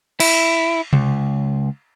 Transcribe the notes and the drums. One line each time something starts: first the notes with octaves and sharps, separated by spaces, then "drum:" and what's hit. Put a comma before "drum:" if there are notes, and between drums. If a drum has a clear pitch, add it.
E4, drum: cymbal
C#2, drum: tom C3